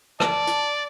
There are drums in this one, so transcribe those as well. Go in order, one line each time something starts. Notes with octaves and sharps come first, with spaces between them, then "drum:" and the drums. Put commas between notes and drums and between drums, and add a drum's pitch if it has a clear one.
D5 A5, drum: rim click
drum: hi-hat